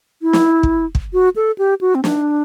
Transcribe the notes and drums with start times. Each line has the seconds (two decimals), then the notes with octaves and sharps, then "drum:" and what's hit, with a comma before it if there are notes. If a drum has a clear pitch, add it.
0.22 E4
0.33 drum: snare
0.63 drum: kick
0.95 drum: kick
1.13 F#4
1.36 A4
1.58 G4
1.81 F#4
1.95 C4
2.04 D4, drum: snare